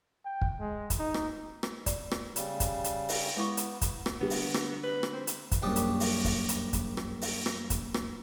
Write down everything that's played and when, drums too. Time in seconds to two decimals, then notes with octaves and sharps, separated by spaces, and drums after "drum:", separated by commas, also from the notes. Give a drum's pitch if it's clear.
0.25 G5
0.41 drum: kick
0.60 G#3
0.90 drum: kick, hi-hat
0.99 D#4
1.14 drum: rim click
1.63 drum: rim click
1.86 D5, drum: kick, hi-hat
2.11 drum: rim click
2.36 C#3 G3, drum: hi-hat
2.60 drum: kick, hi-hat
2.84 drum: hi-hat
3.09 drum: open hi-hat
3.36 G#3 B3 E4 C#6
3.57 drum: hi-hat
3.81 drum: kick, hi-hat
4.06 drum: rim click
4.20 D3 G3 B3
4.30 drum: open hi-hat
4.54 drum: rim click
4.83 B4
5.03 drum: rim click
5.13 C4
5.27 drum: hi-hat
5.51 drum: kick, hi-hat
5.62 A#1 F#2 A#2 G3 G4 D#6
5.76 drum: hi-hat
6.00 drum: open hi-hat
6.24 drum: kick, open hi-hat
6.49 drum: hi-hat
6.73 drum: kick, hi-hat
6.97 drum: rim click
7.21 drum: open hi-hat
7.46 drum: rim click
7.70 drum: kick, hi-hat
7.94 drum: rim click